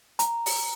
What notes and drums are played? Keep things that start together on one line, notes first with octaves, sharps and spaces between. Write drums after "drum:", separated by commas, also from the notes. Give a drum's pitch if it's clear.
A#5, drum: hi-hat
drum: open hi-hat